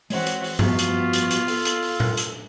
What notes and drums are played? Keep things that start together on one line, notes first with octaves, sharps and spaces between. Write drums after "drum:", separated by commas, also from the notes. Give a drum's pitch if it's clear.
E3 G#3 C4 F#4 C#5 F#5, drum: open hi-hat
drum: hi-hat
drum: open hi-hat
F3 G3 B3 F4 F#4, drum: tom G2
drum: hi-hat
drum: hi-hat
drum: hi-hat
A4 F5, drum: open hi-hat
drum: hi-hat
drum: open hi-hat
drum: tom A#2
drum: hi-hat